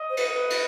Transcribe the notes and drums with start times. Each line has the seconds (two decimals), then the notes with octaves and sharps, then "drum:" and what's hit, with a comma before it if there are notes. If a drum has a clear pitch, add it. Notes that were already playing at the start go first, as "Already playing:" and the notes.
Already playing: D#5
0.10 C5
0.17 B4, drum: cymbal
0.28 A#4
0.34 B4
0.50 drum: cymbal